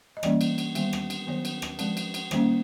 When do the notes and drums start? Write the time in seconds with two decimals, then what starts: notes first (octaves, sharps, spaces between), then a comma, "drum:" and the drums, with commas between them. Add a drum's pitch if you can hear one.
0.17 D#5
0.23 E3 G3 A#3 C#4 D5, drum: rim click
0.41 drum: cymbal
0.58 drum: cymbal
0.75 D#3 G3 B3, drum: cymbal
0.93 drum: rim click
1.10 drum: cymbal
1.27 D#3 F#3 B3 C#5
1.45 drum: cymbal
1.62 drum: rim click
1.79 F3 G#3 C4, drum: cymbal
1.97 drum: cymbal
2.14 drum: cymbal
2.31 D#3 G3 A#3 C#4, drum: rim click